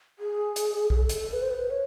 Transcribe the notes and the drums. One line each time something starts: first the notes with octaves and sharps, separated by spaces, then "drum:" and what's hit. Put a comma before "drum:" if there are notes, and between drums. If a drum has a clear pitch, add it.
G#4
drum: hi-hat
G#4, drum: kick B1
A4
drum: hi-hat
B4
C5
B4
C#5